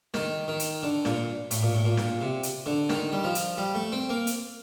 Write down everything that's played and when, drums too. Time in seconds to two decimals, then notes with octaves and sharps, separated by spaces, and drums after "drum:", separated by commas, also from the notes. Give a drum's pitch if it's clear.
0.14 D#3, drum: snare
0.48 D#3
0.60 drum: hi-hat
0.83 D3
1.05 A#2, drum: snare
1.51 A2, drum: hi-hat
1.63 A#2
1.75 A2
1.85 A#2
1.97 drum: snare
2.21 C3
2.43 drum: hi-hat
2.66 D3
2.89 D#3, drum: snare
3.12 G3
3.24 F3
3.35 drum: hi-hat
3.58 G3
3.75 A3
3.92 C4
4.09 A#3
4.27 drum: hi-hat